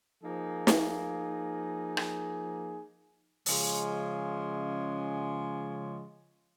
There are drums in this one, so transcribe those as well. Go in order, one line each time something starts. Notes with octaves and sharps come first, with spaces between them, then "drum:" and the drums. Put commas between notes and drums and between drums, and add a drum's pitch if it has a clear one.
F3 A#3 D#4 G#4
drum: snare
drum: rim click
C#3 F3 G#3 C#4, drum: open hi-hat